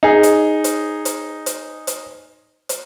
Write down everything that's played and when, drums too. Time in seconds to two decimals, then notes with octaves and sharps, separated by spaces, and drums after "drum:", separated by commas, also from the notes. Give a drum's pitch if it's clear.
0.03 D#4 G#4
0.23 drum: hi-hat
0.64 drum: hi-hat
1.05 drum: hi-hat
1.46 drum: hi-hat
1.87 drum: hi-hat
2.69 drum: hi-hat